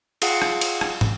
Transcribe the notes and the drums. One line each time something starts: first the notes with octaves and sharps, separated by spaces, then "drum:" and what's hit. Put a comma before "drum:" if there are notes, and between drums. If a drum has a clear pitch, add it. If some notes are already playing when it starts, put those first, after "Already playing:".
F4 G#4 F5 F#5, drum: cymbal
drum: rim click
drum: cymbal
drum: rim click
drum: tom